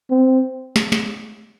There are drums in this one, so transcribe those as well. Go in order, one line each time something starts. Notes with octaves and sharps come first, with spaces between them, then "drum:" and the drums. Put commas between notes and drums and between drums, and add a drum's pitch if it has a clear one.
C4
drum: snare
drum: snare